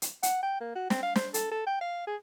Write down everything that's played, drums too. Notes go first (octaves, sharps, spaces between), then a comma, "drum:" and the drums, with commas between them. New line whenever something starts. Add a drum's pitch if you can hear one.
drum: hi-hat
F#5, drum: hi-hat
G5
A#3
F#4
C4, drum: snare
F5
C5, drum: snare
A4, drum: hi-hat
A4
G5
F5
G#4